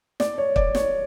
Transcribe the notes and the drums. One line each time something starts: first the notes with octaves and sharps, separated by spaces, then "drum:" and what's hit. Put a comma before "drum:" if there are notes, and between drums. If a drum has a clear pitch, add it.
D5, drum: snare
C#5
D5, drum: kick
C#5, drum: snare